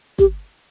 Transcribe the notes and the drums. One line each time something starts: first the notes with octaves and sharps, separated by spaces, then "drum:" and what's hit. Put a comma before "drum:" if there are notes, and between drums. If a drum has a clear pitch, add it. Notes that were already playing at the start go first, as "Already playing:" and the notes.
G4, drum: kick